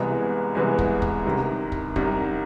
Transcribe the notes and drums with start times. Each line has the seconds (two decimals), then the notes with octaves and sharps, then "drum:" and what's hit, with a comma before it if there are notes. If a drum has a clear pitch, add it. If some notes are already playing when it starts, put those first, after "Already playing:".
Already playing: C2 C3 E3 G#3 B3
0.55 C2 C3 E3 G#3 B3
0.79 drum: kick
1.02 drum: kick
1.26 C2 C3 D#3
1.72 drum: kick
1.96 C2 C3 D#3, drum: kick